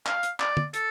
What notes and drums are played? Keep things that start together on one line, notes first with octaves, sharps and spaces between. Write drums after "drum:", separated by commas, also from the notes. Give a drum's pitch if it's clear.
F5, drum: clap
drum: hi-hat
D5, drum: clap
drum: tom
A4, drum: hi-hat